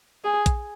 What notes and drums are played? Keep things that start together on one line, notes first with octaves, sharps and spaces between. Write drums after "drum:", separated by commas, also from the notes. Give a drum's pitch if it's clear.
G#4
drum: kick, hi-hat